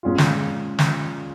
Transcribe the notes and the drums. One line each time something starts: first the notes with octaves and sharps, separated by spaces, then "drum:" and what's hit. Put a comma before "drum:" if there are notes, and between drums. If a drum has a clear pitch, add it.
A#2 G#3 C#4 F4
drum: snare
drum: snare